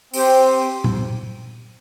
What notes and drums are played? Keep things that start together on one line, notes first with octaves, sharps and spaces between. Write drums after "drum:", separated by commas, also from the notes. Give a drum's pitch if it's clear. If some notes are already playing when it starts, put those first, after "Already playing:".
C4 G4 C5, drum: open hi-hat
drum: tom A#2